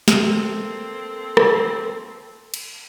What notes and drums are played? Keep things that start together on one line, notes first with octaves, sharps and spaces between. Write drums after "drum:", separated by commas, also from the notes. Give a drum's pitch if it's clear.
A#3 C4 A4, drum: snare
drum: rim click
drum: cymbal